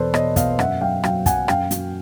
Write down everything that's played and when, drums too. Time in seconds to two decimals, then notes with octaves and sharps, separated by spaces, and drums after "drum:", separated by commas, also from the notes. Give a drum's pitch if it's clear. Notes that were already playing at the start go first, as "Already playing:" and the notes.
Already playing: E2 B2 A4 B4 C5 D5
0.14 B2 C#5 D#5, drum: rim click
0.36 B2 D#5 F5, drum: kick, hi-hat
0.59 F#2 E5 F#5, drum: rim click
0.81 F#3 F5 G5
1.04 F#3 F5 G5, drum: rim click
1.26 F#3 F#5 G#5, drum: kick, hi-hat
1.48 F#2 F5 G5, drum: rim click
1.71 F#3, drum: hi-hat